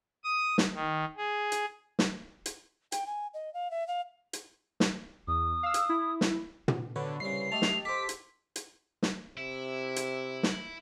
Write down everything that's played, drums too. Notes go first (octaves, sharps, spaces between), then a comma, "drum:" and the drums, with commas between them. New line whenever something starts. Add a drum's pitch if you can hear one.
D#6
drum: snare
D#3
G#4
drum: hi-hat
drum: snare
drum: hi-hat
G5, drum: hi-hat
G#5
D#5
F5
E5
F5
drum: hi-hat
drum: snare
E2 D#6
F5 E6
drum: hi-hat
E4
drum: snare
drum: tom
B2 D3 B4 C#5
C2 C#3 C7
A3 G4 D#5 A5 F7
drum: snare
A4 C5 D6 B6
drum: hi-hat
drum: hi-hat
drum: snare
C3 E4
drum: hi-hat
drum: snare